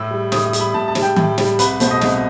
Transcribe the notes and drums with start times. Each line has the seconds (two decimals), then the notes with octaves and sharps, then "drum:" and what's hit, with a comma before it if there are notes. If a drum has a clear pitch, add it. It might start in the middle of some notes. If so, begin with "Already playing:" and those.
Already playing: A2 E6
0.11 G3
0.32 A2 D#6, drum: snare
0.46 D#6
0.53 G3, drum: hi-hat
0.60 B5
0.74 A2 A5
0.88 A5
0.95 G3, drum: snare
1.02 G5
1.16 A2, drum: tom D#3
1.38 G3, drum: snare
1.59 C2 B4, drum: hi-hat
1.80 B2 A3 C5, drum: hi-hat
1.91 D#5
2.01 C2, drum: snare